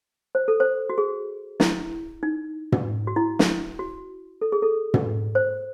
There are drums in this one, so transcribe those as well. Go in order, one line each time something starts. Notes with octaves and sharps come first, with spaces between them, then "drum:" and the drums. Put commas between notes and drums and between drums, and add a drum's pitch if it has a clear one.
C5
A4
C5
F#4
G#4
E4, drum: snare
D#4
drum: tom
F#4
E4
drum: snare
F#4
A4
G#4
A4
drum: tom
C5